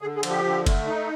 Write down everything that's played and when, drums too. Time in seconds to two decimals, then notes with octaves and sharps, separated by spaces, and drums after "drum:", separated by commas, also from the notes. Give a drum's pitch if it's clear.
0.01 D3 G#4
0.16 G#4
0.23 F3, drum: cymbal
0.30 G4
0.45 D3
0.66 A3, drum: kick F#1, cymbal
0.87 D#4